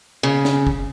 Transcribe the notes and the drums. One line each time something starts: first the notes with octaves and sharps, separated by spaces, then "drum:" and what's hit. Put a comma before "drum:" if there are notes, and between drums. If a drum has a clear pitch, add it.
C#3
drum: snare
drum: kick